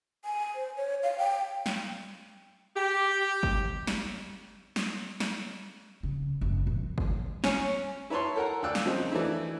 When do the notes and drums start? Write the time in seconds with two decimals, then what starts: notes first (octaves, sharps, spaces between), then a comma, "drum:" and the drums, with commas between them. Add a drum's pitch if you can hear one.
0.25 G#5
0.55 C5
0.76 C#5
1.03 F5
1.18 G5
1.66 drum: snare
2.77 G4
3.43 drum: kick G1
3.87 drum: snare
4.76 drum: snare
5.20 drum: snare
6.03 C#3
6.41 F#1
6.67 A#1
6.98 drum: kick G1
7.44 C#4, drum: snare
8.10 E4 B4 C#5 A5 C6
8.36 A4 A#4 F#5 A#5
8.62 D2 F4 D5 G5 E6 F#6
8.75 drum: snare
8.85 C#3 F3 C4 D#4
9.12 E3 A3 D4 E4